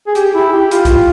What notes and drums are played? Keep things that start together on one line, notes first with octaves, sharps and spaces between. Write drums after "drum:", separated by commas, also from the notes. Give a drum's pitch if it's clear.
G#4
G4, drum: hi-hat
E4
G4
F4, drum: hi-hat
drum: kick C2, hi-hat